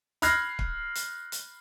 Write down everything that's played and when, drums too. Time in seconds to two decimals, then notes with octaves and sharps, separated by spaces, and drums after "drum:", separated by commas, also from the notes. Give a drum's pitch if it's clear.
0.22 B5 F6 F#6 G#6 A#6 C7, drum: hi-hat
0.59 drum: kick
0.95 drum: hi-hat
1.32 drum: hi-hat